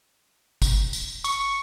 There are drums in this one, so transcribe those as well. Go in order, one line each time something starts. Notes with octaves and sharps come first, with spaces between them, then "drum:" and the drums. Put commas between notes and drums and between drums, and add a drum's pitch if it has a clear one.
drum: kick, tambourine
drum: tambourine
C#6, drum: tambourine